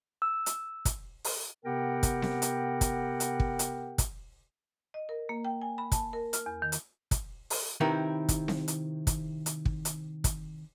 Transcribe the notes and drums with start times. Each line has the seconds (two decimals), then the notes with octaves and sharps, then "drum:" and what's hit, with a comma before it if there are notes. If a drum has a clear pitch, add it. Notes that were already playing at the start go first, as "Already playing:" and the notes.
0.22 E6
0.46 drum: hi-hat
0.85 drum: kick, hi-hat
1.24 drum: open hi-hat
1.65 C3 B3 G4 A#4 F#5 G5
2.03 drum: kick, hi-hat
2.22 drum: snare C4
2.42 drum: hi-hat
2.81 drum: kick, hi-hat
3.20 drum: hi-hat
3.40 drum: kick
3.59 drum: hi-hat
3.98 drum: kick, hi-hat
4.94 D#5
5.09 A#4
5.29 A#3
5.45 G5
5.62 G#5
5.78 B5
5.92 A5, drum: kick, hi-hat
6.13 A#4
6.33 F6, drum: hi-hat
6.46 E2
6.62 D#3
6.72 drum: hi-hat
7.11 drum: kick, hi-hat
7.50 drum: open hi-hat
7.80 C3 D#3 C4 E4 A#4 B4
8.29 drum: kick, hi-hat
8.48 drum: snare C4
8.68 drum: hi-hat
9.07 drum: kick, hi-hat
9.46 drum: hi-hat
9.65 drum: kick
9.85 drum: hi-hat
10.24 drum: kick, hi-hat